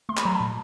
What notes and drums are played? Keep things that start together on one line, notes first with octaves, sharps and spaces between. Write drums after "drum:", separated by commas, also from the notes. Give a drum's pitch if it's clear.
A3 C6
B5, drum: clap
F#3 A#5
A5 B5
A#2